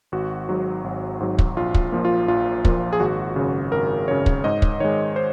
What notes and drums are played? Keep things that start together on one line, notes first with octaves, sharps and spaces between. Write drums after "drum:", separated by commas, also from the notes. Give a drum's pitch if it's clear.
G#1 F#4
G#2 F#3
G#1
G#2 F#3
drum: kick
A#1 F4
drum: kick
A#2 F3 A#3
F4
A#1 F4
A#2 F3 A#3, drum: kick
G#4
G#1 F#4
F#2 C#3
G#1 A#4
F#2 C#3 C#5
drum: kick
G#2 D#5
drum: kick
D#3 G#3 C#5
C5